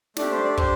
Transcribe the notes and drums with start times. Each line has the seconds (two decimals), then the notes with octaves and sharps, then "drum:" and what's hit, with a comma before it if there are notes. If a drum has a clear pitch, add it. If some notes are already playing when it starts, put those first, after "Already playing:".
0.17 A3 D4 G4 D5, drum: snare
0.31 C5
0.44 D5
0.57 D4 G4 C5, drum: kick